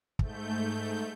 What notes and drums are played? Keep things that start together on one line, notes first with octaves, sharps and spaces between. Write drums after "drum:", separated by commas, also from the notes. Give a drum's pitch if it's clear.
G#2 A3 G6, drum: kick